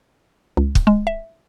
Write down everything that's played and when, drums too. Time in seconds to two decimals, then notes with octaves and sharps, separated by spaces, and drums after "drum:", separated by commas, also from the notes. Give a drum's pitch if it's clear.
0.57 C#2
0.75 drum: kick
0.87 G#3
1.07 E5